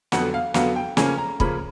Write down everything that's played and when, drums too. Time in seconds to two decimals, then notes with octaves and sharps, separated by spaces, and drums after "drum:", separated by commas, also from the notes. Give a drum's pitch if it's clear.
0.12 F2 D3 F#3 B3 F#5, drum: snare
0.34 F5
0.54 F2 D3 F#3 B3 F5, drum: snare
0.76 G5
0.97 C#3 F3 A#3 C#4 G#5, drum: snare
1.18 A#5
1.40 C#3 F3 A#3 C#4 B5, drum: kick